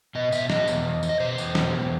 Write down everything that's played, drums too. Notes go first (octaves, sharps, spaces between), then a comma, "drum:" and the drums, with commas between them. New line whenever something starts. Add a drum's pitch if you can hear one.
B2 D#5
B2 E5, drum: tambourine
B2 D#5, drum: snare
E2, drum: tambourine
E2
E2, drum: tambourine
D#5
B2 C5
E2, drum: tambourine
B2, drum: snare
E2